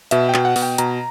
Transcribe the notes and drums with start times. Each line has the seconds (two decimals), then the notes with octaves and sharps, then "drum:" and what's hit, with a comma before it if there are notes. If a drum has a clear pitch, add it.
0.11 B2 E5, drum: hi-hat
0.29 G5
0.34 B2, drum: clap
0.45 F#5
0.56 B2, drum: open hi-hat
0.62 G5
0.78 B2 A#5, drum: hi-hat